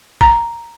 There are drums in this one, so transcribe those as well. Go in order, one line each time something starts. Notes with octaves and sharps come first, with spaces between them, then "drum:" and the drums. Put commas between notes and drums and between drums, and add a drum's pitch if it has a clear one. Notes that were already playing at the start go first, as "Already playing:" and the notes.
A#5, drum: kick